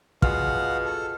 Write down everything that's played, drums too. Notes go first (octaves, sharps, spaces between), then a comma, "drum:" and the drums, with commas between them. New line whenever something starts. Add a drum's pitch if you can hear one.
B2 F4 G#4 F5 F#5 F6, drum: kick
A4